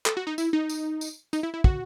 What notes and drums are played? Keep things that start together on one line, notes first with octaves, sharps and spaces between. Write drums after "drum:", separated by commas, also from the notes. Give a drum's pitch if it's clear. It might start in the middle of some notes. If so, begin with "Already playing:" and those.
A4, drum: clap
F#4
D#4
E4, drum: tambourine
D#4
drum: tambourine
drum: tambourine
D#4, drum: tambourine
E4
E4
F#4, drum: kick